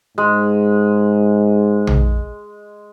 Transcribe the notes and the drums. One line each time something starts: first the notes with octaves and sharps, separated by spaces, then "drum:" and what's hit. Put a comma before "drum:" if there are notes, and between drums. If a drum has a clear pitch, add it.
G#2 G#3
drum: tom A#1